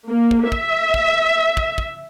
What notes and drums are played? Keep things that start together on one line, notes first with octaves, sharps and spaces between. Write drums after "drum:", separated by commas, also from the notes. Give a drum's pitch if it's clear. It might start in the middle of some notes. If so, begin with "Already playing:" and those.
A#3
drum: kick
E5, drum: kick
drum: kick
drum: kick
drum: kick